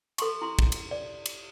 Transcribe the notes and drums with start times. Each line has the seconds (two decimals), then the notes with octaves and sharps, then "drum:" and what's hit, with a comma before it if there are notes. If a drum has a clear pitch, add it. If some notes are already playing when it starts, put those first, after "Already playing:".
0.18 A4 C6 C#6, drum: cymbal
0.41 E4 C6
0.59 drum: kick
0.72 drum: cymbal
0.91 D5
1.26 drum: cymbal